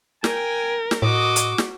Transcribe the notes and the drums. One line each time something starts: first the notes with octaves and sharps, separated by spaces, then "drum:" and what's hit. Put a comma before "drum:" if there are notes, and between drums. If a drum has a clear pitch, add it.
A#4 G5 G#5, drum: snare
drum: snare
A2 F#4 D#5 D6
drum: hi-hat
drum: snare